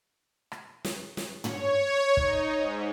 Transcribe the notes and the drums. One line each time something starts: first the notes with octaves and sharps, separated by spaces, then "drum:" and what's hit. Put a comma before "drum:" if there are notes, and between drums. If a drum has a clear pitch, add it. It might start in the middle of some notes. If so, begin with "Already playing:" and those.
drum: rim click
drum: snare
drum: snare
C#5, drum: tom
D#4, drum: kick
G#2